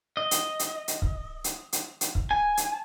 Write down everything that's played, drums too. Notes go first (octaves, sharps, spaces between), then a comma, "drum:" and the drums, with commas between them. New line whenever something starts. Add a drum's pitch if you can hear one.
D#5
drum: hi-hat
drum: hi-hat
drum: hi-hat
drum: kick
drum: hi-hat
drum: hi-hat
drum: hi-hat
drum: kick
G#5
drum: hi-hat